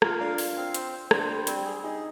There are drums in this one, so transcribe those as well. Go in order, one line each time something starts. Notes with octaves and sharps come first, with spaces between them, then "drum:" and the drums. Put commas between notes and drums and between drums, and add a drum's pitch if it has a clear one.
F4 A#4, drum: rim click
D4 F5
F5, drum: open hi-hat
C4
C5, drum: hi-hat
C5
D4 C5, drum: rim click
G3
C4, drum: hi-hat
G#4
D#4 G#4